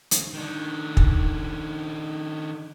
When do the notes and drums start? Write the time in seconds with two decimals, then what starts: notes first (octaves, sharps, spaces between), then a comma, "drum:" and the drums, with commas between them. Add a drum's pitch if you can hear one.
0.11 drum: hi-hat
0.33 D#3 D4
0.97 drum: kick